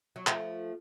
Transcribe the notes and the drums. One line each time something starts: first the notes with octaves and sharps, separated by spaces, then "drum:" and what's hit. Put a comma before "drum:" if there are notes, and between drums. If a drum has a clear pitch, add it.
F#3
F3 A3, drum: clap